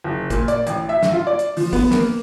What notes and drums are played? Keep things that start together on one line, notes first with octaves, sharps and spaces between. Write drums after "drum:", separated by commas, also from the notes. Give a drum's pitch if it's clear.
F#1
A#2, drum: kick, hi-hat
D5, drum: hi-hat
A1, drum: hi-hat
E5
drum: snare
F4
D5
drum: hi-hat
F3, drum: open hi-hat
B3, drum: kick, open hi-hat
A#3, drum: snare